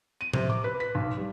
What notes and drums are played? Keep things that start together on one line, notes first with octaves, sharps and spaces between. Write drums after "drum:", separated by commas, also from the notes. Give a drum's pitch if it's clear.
D#7
C3, drum: tom A2
D6
B4
B6
B1
G3